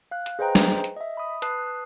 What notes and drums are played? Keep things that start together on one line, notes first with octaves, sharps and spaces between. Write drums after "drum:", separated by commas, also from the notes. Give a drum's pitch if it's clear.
F5 F#6
drum: hi-hat
G#4 B4 C5 D#5 G5 A#5
drum: snare
drum: hi-hat
D#5 E5
B5 D#6
B4 A5 D#6 F#6 C7, drum: hi-hat